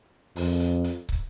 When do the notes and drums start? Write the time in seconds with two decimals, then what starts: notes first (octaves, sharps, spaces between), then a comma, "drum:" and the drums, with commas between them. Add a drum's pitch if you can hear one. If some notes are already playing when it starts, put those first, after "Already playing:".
0.36 F2, drum: open hi-hat
0.60 drum: hi-hat
0.84 drum: hi-hat
1.09 drum: kick